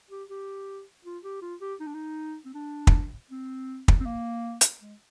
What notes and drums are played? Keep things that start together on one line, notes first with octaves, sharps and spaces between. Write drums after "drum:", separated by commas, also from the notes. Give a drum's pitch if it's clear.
G4
G4
F4
G4
F4
G4
D#4
D4
D#4
C4
D4
drum: kick
C4
drum: kick
C4
A#3
drum: hi-hat
G#3